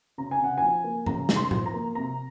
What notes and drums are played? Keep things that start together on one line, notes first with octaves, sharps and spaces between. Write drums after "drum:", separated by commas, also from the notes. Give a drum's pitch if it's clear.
C#3 A#5
G#5
C#3 F#5
F3 G#5
A#3
C#3 A#5, drum: tom G#2
C#3, drum: snare
C6
F3, drum: tom A2
A#5
A#3
C3 A#5